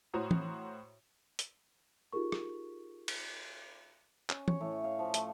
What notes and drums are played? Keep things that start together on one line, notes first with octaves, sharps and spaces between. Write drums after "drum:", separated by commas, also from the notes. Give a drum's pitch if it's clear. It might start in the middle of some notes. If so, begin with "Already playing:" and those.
A2 F#4 C5 C#5 A#5 D#6
drum: tom E3
drum: hi-hat
D#4 F4 G4 G#4 A#4 C#6
drum: rim click
drum: cymbal
C#4, drum: clap
C#5, drum: tom E3
A2
F5
F3
A3, drum: hi-hat